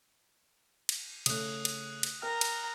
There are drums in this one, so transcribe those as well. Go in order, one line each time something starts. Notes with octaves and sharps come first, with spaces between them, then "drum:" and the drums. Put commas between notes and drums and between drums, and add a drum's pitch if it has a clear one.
drum: cymbal
C#3 A3 D#6 F#6, drum: cymbal
drum: cymbal
drum: cymbal
A#4 G5 A#5 F6
drum: cymbal